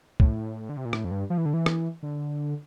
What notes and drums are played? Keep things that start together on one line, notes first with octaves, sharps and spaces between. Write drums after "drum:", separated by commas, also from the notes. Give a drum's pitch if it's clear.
A2, drum: kick
D3
C3
A#2
A2, drum: rim click
F2
G2
F3
E3
D3
E3
drum: rim click
D3